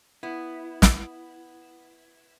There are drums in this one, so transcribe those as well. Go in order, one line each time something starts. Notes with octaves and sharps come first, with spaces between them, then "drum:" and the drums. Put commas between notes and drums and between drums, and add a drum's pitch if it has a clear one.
B3 E4
drum: snare